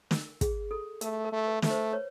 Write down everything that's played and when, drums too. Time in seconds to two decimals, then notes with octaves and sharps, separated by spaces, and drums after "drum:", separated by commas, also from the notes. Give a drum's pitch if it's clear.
0.11 A#4, drum: snare
0.41 G#4, drum: kick, hi-hat
0.71 A4
1.01 A3 A#4, drum: hi-hat
1.25 A#4
1.32 A3
1.47 B4
1.62 A3, drum: snare
1.70 C5
1.92 B4 C#5